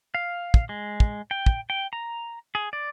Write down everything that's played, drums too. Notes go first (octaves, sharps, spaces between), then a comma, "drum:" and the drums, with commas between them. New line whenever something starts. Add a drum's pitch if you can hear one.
F5
drum: kick
G#3
drum: kick
G5
drum: kick
G5
A#5
G#4
D5